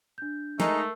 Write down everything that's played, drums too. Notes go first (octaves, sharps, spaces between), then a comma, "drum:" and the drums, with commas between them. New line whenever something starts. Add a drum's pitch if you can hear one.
D4 G6
G#3 A3 D#4 A#4 C7, drum: snare